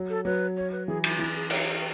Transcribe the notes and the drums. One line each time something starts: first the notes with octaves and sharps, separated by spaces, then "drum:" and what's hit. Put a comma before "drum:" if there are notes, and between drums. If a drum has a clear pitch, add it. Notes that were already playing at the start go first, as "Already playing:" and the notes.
Already playing: F#3
A4
F#3 B4
C#5
B4
E3 G#4
E4, drum: cymbal
E3 E4
G#4
C#5, drum: cymbal